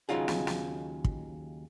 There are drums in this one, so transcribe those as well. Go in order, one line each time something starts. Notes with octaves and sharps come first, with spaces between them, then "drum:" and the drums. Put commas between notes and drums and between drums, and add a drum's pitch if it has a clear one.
D#2 C#3 F#3 D#4 F4 G#4
drum: snare
drum: snare
drum: kick